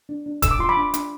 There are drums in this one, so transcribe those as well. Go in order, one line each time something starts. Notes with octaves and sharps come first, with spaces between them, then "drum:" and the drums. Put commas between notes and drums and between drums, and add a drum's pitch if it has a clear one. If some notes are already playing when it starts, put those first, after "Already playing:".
D4
D4
A4 E6, drum: kick, hi-hat
D6
F4 C6
B5 D6
D4
D4, drum: hi-hat